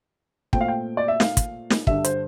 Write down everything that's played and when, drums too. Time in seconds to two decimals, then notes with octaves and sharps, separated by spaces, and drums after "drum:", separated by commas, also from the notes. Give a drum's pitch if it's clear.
0.53 A#2 A3 C4 G5, drum: kick
0.61 F5
0.68 G5
0.97 D5
1.08 E5
1.20 F5, drum: snare
1.37 drum: kick, hi-hat
1.70 drum: snare
1.87 G2 D3 G3 D4 E5, drum: kick
2.05 C5, drum: hi-hat